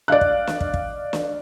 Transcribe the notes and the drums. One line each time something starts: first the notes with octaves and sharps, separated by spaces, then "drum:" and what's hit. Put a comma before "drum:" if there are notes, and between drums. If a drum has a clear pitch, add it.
D5 D#5 F5 F#6
drum: kick
drum: snare
drum: kick
drum: kick
drum: snare